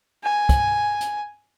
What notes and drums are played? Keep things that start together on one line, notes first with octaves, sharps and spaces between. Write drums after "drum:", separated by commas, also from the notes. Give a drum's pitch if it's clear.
G#5
drum: kick, hi-hat
drum: hi-hat